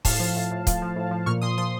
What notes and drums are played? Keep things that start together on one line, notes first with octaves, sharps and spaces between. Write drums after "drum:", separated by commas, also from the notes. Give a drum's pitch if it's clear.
A2 F5 A5, drum: kick, open hi-hat
F3
A2
A2
F3, drum: kick, hi-hat
F3
A2
F3
A#2 C#6 F6
A#2 C6 D#6
F3 C6 D#6